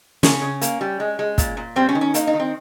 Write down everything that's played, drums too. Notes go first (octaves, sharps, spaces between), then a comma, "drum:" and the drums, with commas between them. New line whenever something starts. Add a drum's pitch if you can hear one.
C#3 C#4, drum: snare
C#3
A#3, drum: hi-hat
G3
G#3
G#3
A#2, drum: kick, hi-hat
A#2
G3 C4
C#4
D#3
C#4
A#3 D#4, drum: hi-hat
D#4
D#3
C4